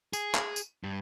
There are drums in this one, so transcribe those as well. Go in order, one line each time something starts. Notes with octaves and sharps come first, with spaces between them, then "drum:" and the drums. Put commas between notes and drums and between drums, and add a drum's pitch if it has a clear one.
G#4, drum: tambourine
drum: clap
drum: tambourine
G2